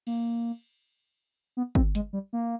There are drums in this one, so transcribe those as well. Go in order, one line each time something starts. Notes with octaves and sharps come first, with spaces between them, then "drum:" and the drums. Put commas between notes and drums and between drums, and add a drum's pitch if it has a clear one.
A#3, drum: cymbal
B3
C4, drum: kick
G#3, drum: hi-hat
G3
A#3